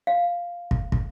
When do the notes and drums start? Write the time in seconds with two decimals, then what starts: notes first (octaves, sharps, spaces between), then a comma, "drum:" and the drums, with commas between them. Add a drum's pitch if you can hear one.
0.07 F5
0.71 drum: kick
0.92 drum: kick